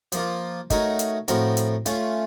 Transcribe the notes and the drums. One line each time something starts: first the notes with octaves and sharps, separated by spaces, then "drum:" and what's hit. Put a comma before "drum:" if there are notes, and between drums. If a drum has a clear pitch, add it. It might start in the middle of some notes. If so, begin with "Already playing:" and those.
F3 A#3 F4, drum: hi-hat
A3 D#4 F#4 A#4 C#5, drum: kick, hi-hat
drum: hi-hat
A2 F3 C4 F#4 A#4, drum: hi-hat
drum: hi-hat
A3 C#4 F4, drum: hi-hat